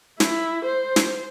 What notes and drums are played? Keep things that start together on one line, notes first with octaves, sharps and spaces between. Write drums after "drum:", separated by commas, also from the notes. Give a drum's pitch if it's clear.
E4, drum: snare
C5
drum: snare